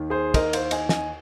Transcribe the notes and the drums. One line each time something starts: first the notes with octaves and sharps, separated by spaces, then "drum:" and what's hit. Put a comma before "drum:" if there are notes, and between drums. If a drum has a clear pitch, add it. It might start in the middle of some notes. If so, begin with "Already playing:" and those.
Already playing: D#2 D#3
G#4 C5
A#4 D#5, drum: kick, cymbal
C5 F5, drum: cymbal
D#5 G#5, drum: cymbal
D#5 G#5, drum: snare